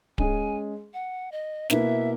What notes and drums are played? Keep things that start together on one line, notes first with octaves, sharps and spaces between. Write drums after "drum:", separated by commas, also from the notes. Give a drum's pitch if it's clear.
G#3 C#4 G#4 G#5, drum: kick D1
F#5
D#5
B2 A#3 E4 B4 E5, drum: snare